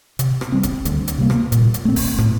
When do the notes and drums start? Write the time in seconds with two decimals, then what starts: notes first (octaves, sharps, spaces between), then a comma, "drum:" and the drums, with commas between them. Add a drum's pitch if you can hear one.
0.19 C3, drum: hi-hat
0.41 drum: rim click
0.52 G3 C4
0.63 drum: kick, hi-hat
0.85 D2, drum: hi-hat
1.08 drum: hi-hat
1.18 C3 G3 A#3
1.30 drum: rim click
1.52 A#2, drum: hi-hat
1.74 drum: hi-hat
1.85 A3 C4
1.96 drum: kick, open hi-hat
2.18 A2, drum: rim click